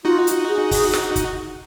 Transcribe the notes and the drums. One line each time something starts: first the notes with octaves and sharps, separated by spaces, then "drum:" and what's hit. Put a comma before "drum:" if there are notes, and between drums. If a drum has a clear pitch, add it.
D#4 F4 F#4
drum: hi-hat
G#4
drum: kick, open hi-hat
drum: snare
drum: kick, hi-hat